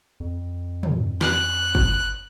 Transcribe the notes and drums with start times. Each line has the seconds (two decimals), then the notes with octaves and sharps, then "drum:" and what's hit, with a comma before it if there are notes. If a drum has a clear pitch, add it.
0.20 F2
0.83 drum: tom
1.21 F#6, drum: snare
1.75 drum: kick